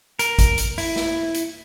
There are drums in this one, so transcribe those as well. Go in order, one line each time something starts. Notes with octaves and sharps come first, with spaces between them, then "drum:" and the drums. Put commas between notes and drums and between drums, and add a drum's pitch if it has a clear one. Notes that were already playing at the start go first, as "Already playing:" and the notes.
A#4, drum: hi-hat
drum: kick G#1, hi-hat
drum: hi-hat
E4, drum: open hi-hat
drum: snare
drum: hi-hat